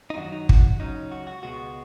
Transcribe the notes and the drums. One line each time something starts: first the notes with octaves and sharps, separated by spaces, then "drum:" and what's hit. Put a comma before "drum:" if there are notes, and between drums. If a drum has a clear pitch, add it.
D#4
F#2 D#3 F#3 F#4
D#4
F#4, drum: kick
C#2 C#3 F#3 C#4 D#4
F#4
F#4
C#2 B2 G#3 B3 F#4